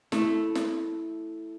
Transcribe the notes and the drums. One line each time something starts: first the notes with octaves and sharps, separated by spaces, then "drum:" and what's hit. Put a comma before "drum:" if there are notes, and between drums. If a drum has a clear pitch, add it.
A3 E4 A4, drum: snare
drum: snare